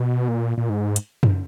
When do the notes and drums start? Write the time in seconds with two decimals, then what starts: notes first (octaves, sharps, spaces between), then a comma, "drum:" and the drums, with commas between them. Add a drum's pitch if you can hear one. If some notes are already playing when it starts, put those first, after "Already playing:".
Already playing: B2
0.28 A#2
0.58 A#2
0.70 G#2
0.96 drum: hi-hat
1.23 drum: tom F#2